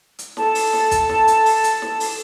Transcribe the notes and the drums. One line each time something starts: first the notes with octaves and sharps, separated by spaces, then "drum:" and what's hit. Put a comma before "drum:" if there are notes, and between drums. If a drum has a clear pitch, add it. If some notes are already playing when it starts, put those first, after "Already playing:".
drum: hi-hat
A4 A5, drum: snare
drum: open hi-hat
drum: snare
drum: kick, hi-hat
drum: snare
drum: hi-hat
drum: open hi-hat
drum: hi-hat
drum: snare
drum: open hi-hat